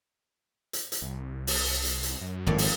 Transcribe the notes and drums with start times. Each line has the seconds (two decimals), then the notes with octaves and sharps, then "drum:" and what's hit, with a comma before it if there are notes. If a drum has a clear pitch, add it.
0.73 drum: hi-hat
0.92 drum: hi-hat
1.02 C2
1.47 drum: open hi-hat
1.84 drum: hi-hat
2.03 drum: hi-hat
2.21 F#2
2.47 G#1 F2 A2 A#3
2.58 drum: open hi-hat